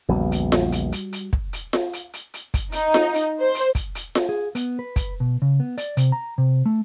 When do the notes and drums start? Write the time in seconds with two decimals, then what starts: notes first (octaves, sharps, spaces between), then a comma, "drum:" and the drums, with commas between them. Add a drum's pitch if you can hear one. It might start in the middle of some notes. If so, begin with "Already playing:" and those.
0.09 A#1 E2 C#3 G3 B3 F#4
0.32 drum: hi-hat
0.52 drum: snare F4
0.72 drum: hi-hat
0.92 drum: hi-hat
1.13 drum: hi-hat
1.33 drum: kick
1.53 drum: hi-hat
1.73 drum: snare F4
1.93 drum: hi-hat
2.13 drum: hi-hat
2.34 drum: hi-hat
2.54 drum: kick, hi-hat
2.72 D#4, drum: hi-hat
2.94 drum: snare F4
3.14 drum: hi-hat
3.40 C5
3.55 drum: hi-hat
3.75 drum: kick, hi-hat
3.95 drum: hi-hat
4.15 drum: snare F4
4.29 G#4
4.55 B3, drum: hi-hat
4.79 B4
4.96 drum: kick, hi-hat
5.20 B2
5.42 C#3
5.60 B3
5.78 D5, drum: hi-hat
5.97 C3, drum: hi-hat
6.12 A#5
6.38 C3
6.66 A3